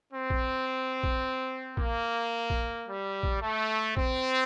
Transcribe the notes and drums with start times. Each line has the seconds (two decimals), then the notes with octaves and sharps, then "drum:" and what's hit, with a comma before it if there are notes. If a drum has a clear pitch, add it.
0.13 C4
0.30 drum: kick A#1
1.04 drum: kick A#1
1.77 A#3, drum: kick A#1
2.50 drum: kick A#1
2.86 G3
3.23 drum: kick A#1
3.41 A3
3.97 C4, drum: kick A#1